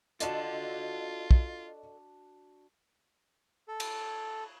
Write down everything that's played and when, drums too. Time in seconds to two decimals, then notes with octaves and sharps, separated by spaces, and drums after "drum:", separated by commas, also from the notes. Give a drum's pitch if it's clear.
0.20 D4 F4 F#4 A4 D5 D#5 F#5 E7, drum: hi-hat
1.31 drum: kick
3.68 A4
3.80 drum: cymbal